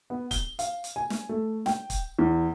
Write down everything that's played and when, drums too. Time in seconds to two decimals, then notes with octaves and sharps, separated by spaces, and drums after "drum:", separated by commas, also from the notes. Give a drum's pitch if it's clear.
0.10 B3
0.31 G7, drum: kick, hi-hat
0.59 F5, drum: hi-hat
0.84 drum: hi-hat
0.96 G#5
1.10 drum: snare
1.29 A3
1.66 G5, drum: snare
1.90 drum: kick, hi-hat
2.19 E2